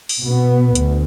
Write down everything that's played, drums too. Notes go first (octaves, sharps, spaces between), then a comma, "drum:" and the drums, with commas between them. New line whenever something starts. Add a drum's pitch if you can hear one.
drum: open hi-hat
B2 B3
D2, drum: hi-hat